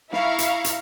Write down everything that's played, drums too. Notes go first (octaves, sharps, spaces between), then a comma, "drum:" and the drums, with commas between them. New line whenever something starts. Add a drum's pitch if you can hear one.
E4 F5 A#5 C#6, drum: snare
drum: hi-hat
drum: hi-hat